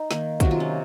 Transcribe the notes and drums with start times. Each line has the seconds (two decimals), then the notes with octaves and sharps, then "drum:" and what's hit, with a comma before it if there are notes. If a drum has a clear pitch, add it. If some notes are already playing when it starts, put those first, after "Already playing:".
Already playing: D#4
0.11 D#3 A#3, drum: snare
0.40 C3 D#3 F#3 F#4, drum: kick, hi-hat
0.51 F4
0.60 C#4